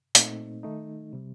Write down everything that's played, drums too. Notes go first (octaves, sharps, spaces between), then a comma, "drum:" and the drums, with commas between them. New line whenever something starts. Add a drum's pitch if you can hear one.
A#2 A3 C4 D#4, drum: hi-hat
D#3 A3 D#4
C3 G3